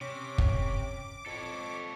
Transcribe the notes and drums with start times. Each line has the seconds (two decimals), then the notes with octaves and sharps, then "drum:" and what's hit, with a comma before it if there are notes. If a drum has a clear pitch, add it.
0.01 C3 C#4 D6
0.38 drum: kick
1.26 F2 A4 C#5